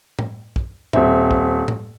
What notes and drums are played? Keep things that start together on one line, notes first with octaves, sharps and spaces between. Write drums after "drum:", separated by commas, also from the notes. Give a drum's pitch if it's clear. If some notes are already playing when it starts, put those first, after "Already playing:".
drum: tom A2
drum: kick
D#1 C4 E5, drum: tom A2
drum: kick
drum: tom A2